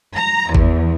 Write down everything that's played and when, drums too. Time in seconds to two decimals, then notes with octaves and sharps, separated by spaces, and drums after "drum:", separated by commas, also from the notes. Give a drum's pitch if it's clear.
0.16 A#5
0.55 E2, drum: kick G1